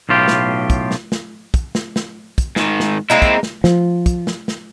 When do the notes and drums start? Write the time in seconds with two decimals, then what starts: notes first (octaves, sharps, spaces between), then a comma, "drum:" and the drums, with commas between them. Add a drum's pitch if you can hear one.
0.09 B1 A2 F4 G4
0.28 drum: snare
0.70 drum: kick, hi-hat
0.91 drum: snare
1.12 drum: snare
1.54 drum: kick, hi-hat
1.75 drum: snare
1.96 drum: snare
2.38 drum: kick, hi-hat
2.56 G#2 D#3, drum: snare
2.80 drum: snare
3.10 G#3 A#3 C4 D#4 E4
3.22 drum: kick, hi-hat
3.43 drum: snare
3.64 F3, drum: snare
4.06 drum: kick, hi-hat
4.27 drum: snare
4.48 drum: snare